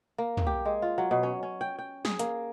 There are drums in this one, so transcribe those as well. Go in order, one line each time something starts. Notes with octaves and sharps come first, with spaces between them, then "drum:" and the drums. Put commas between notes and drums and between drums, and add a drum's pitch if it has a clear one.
A#3
drum: tom
G4
G#3
F4
F#3
B2
C#4
C#4
G5
G5
G#4, drum: snare
A#3, drum: hi-hat